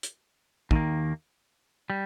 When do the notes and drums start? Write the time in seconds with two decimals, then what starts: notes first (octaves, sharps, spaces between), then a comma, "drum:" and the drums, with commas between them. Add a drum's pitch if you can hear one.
0.03 drum: hi-hat
0.71 D#2 D#3 A#3, drum: kick
1.90 G3